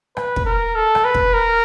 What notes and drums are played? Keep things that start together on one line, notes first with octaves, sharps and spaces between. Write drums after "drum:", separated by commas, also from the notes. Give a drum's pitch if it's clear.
B4, drum: rim click
drum: kick
A#4
A4
drum: rim click
B4
drum: kick
A#4